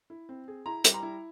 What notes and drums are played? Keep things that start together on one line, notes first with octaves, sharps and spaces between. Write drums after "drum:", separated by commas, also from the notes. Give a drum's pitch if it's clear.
E4
C4
G#4
E4 A#5
G3, drum: hi-hat
A#5
E4